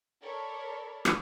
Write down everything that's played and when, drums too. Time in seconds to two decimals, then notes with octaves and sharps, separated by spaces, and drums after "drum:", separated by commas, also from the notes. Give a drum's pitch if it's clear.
0.22 A4 A#4 C#5 D5 B5
1.05 drum: rim click